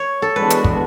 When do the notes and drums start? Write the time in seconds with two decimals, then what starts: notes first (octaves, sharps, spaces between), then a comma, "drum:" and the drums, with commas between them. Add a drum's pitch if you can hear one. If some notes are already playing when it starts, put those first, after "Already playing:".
Already playing: C#5
0.22 A4
0.36 E3 G#3 B3 D4 F#4 B4
0.50 drum: hi-hat
0.64 drum: kick